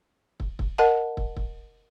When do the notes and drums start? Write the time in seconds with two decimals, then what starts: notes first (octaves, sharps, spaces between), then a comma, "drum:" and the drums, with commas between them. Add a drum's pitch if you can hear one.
0.40 drum: kick
0.59 drum: kick
0.78 A#4 D#5 F#5 A5
1.17 drum: kick
1.37 drum: kick